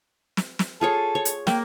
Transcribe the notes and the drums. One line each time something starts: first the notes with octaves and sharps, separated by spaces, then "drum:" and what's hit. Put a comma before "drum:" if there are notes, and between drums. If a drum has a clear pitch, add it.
drum: snare
drum: snare
F4 G#4 A4 C#5
C#5
drum: hi-hat
A#3 G5, drum: snare